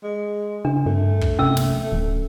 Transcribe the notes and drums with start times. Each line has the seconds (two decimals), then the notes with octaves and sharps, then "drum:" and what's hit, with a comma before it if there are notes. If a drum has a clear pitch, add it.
0.04 G#3
0.65 C#3 D4
0.86 G2 A3
1.21 drum: kick
1.39 C3 C#4 E6
1.57 drum: snare
1.92 D1